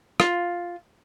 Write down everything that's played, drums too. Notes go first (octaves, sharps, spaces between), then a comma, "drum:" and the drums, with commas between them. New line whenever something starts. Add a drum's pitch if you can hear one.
F4, drum: rim click